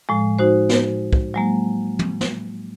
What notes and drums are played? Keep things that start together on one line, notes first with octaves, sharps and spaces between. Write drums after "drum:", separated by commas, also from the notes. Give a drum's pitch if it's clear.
A2 F3 G#3
D#4 F#4 C5
drum: snare
drum: kick
F#3 G#3 A#3
drum: tom
drum: snare